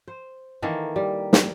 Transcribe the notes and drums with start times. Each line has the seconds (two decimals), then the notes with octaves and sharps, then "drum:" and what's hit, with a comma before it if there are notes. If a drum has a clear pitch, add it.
0.08 C5
0.62 D#3 E3 A#3 A4
0.96 G3
1.33 drum: snare